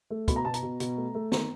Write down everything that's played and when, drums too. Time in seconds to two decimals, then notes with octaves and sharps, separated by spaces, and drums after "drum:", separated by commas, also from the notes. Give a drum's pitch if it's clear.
0.10 A3
0.28 B2 B5, drum: kick, hi-hat
0.36 A#5
0.45 B2 A5
0.54 A#5, drum: hi-hat
0.63 B2
0.80 B2, drum: hi-hat
0.97 A3
1.15 A3
1.32 D#3 A#5, drum: snare